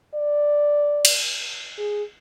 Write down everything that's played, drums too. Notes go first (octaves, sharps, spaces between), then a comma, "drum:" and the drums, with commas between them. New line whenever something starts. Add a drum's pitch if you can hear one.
D5
drum: cymbal
G#4